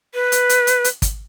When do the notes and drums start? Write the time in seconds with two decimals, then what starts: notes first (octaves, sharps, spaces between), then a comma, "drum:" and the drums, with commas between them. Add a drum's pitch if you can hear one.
0.14 B4
0.32 drum: hi-hat
0.49 drum: hi-hat
0.67 drum: hi-hat
0.84 drum: hi-hat
1.02 drum: kick, hi-hat